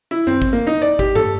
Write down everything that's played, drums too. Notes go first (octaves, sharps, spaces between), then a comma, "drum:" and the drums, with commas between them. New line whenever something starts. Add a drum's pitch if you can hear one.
E4
C4, drum: tom F#2
drum: kick
A#3
D#4
D5
G4, drum: kick
A4, drum: tom G2